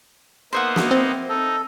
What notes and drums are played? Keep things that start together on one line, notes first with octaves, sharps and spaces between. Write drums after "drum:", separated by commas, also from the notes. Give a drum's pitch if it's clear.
A#3 B3 D#4 C5 E5 F#5
drum: snare
C4
D#4 A4